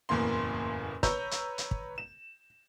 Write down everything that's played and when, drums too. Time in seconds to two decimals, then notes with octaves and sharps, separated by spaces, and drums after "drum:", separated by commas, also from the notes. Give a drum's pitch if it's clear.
0.09 F#1 E2 A2 A#3 C6
1.03 B4 C#5 A#5 E6 G6, drum: kick, hi-hat
1.31 drum: hi-hat
1.58 drum: hi-hat
1.71 drum: kick
1.98 E7